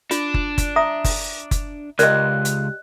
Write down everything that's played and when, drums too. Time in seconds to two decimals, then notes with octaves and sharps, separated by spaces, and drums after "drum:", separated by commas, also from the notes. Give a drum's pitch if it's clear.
0.11 D4 F4, drum: hi-hat
0.34 drum: kick F#1
0.58 drum: kick F#1, hi-hat
0.76 E5 A#5 D#6
1.04 drum: kick F#1, open hi-hat
1.51 drum: kick F#1, hi-hat
1.99 C#2 G4 A#4 D5 D#5 F#6, drum: hi-hat
2.45 drum: hi-hat